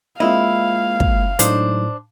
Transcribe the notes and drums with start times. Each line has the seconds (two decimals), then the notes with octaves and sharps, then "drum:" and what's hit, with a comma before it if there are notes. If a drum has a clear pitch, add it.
0.20 G#3 A#3 C4 E4 F4 D#5 F5
1.00 drum: kick
1.39 A2 F#3 G#3 D4 D#4 C5, drum: hi-hat